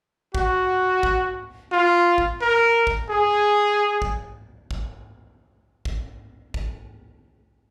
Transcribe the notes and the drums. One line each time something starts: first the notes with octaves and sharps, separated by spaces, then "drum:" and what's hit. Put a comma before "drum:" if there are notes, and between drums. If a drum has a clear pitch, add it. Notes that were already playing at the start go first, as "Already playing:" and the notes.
F#4, drum: kick
drum: kick
F4
drum: kick
A#4
drum: kick
G#4
drum: kick
drum: kick
drum: kick
drum: kick